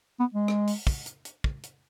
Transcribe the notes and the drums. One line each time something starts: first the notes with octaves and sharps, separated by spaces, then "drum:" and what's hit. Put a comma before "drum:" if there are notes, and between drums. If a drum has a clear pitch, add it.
B3
G#3
drum: rim click
drum: open hi-hat
drum: kick, open hi-hat
drum: hi-hat
drum: hi-hat
drum: kick
drum: hi-hat